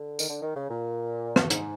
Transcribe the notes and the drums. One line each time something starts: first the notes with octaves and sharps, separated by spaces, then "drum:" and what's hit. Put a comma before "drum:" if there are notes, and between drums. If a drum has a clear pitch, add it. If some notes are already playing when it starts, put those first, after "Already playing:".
Already playing: D3
D#3, drum: tambourine
D3
D#3
C#3
A#2
drum: rim click
G#2, drum: hi-hat